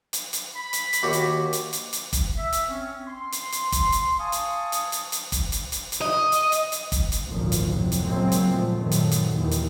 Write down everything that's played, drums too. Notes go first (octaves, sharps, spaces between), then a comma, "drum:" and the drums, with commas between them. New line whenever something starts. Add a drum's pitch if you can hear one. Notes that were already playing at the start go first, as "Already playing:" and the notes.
drum: hi-hat
drum: hi-hat
B5
drum: hi-hat
drum: hi-hat
D#2 F#4 G4
drum: hi-hat
drum: hi-hat
drum: hi-hat
drum: hi-hat
drum: kick, hi-hat
E5
drum: hi-hat
C4 C#4
C6
drum: hi-hat
drum: hi-hat
drum: kick, hi-hat
drum: hi-hat
F5 G#5 A5 C#6 D#6
drum: hi-hat
drum: hi-hat
drum: hi-hat
drum: hi-hat
drum: kick, hi-hat
drum: hi-hat
drum: hi-hat
drum: hi-hat
D#5
drum: hi-hat
drum: hi-hat
drum: hi-hat
drum: kick, hi-hat
drum: hi-hat
G#1 D2 A#2 C#3 F3
drum: hi-hat
F2 A2 C3 F#3
drum: hi-hat
A#2 C#3 F#3 G#3 A#3 C4
drum: hi-hat
A#2 F3 A3
F#2 A#2 D#3 F#3 A3
drum: hi-hat
drum: hi-hat
D#2 D#3 E3
drum: hi-hat